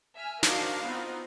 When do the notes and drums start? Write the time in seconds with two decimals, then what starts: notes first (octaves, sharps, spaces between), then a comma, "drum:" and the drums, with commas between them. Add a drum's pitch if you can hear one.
0.15 E5 G#5 F6
0.43 D4 D#4 F#4 A#4 C5 F5, drum: snare
0.85 B3 C4 D#4 F4